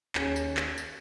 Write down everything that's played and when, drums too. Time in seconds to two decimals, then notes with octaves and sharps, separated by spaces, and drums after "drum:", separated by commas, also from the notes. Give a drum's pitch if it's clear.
0.15 D#2 C#4 G#4 C#5, drum: clap
0.36 drum: tambourine
0.57 drum: clap
0.78 drum: tambourine